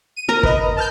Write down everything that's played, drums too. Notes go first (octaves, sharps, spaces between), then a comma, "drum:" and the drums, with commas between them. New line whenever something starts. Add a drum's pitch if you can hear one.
D#7
A#4 A#5
B4 D#5, drum: kick
A5 F6 G6